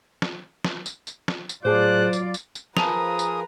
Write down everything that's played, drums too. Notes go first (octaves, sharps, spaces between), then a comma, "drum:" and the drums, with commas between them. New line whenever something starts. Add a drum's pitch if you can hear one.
drum: snare
drum: snare
drum: tambourine
drum: tambourine
drum: snare
drum: tambourine
A2 F#3 F4 G#4 C5 D5 A5 F#6
drum: tambourine
drum: tambourine
drum: tambourine
F3 G#4 A#4 B4 A5 A#5 D#6 F7, drum: snare
drum: tambourine